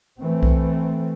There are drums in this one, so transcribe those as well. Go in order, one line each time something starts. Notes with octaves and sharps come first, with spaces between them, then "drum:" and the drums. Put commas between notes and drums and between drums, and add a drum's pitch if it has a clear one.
E3 A3 C4
drum: kick B1